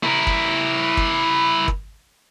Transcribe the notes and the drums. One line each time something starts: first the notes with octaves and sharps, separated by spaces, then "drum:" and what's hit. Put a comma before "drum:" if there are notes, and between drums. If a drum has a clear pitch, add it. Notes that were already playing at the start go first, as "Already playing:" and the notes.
E4 A#4
drum: kick
drum: kick
drum: kick